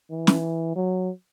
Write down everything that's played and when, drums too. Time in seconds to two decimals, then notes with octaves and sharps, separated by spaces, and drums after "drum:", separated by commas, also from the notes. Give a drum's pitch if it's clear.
0.11 E3
0.27 drum: snare
0.76 F#3